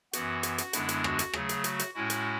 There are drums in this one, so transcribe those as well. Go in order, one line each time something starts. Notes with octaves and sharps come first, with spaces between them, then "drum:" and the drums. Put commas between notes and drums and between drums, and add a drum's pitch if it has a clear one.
F#2 E3 B3 F#4, drum: hi-hat
drum: hi-hat
drum: hi-hat
F#2 D3 G#3 B3 D4 E4, drum: hi-hat
drum: hi-hat
F#4, drum: rim click
drum: hi-hat
C#3 F#3 A3 G#4, drum: rim click
drum: hi-hat
F#4, drum: hi-hat
drum: hi-hat
A2 G#3 C#4 E4 F#4
drum: hi-hat